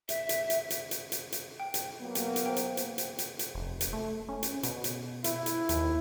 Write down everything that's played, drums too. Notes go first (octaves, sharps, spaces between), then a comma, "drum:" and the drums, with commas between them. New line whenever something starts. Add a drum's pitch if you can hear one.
E5, drum: hi-hat
drum: hi-hat
drum: hi-hat
drum: hi-hat
drum: hi-hat
drum: hi-hat
drum: hi-hat
G5
drum: hi-hat
F#3 A#3 B3
drum: hi-hat
drum: hi-hat
C5 G5
drum: hi-hat
drum: hi-hat
drum: hi-hat
drum: hi-hat
drum: hi-hat
F1
drum: hi-hat
A3
C#4
drum: hi-hat
B2, drum: hi-hat
drum: hi-hat
E4, drum: hi-hat
drum: hi-hat
D#2, drum: hi-hat